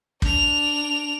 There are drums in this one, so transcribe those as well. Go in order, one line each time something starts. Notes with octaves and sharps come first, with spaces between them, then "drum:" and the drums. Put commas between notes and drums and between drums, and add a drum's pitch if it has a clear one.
D4 F7, drum: kick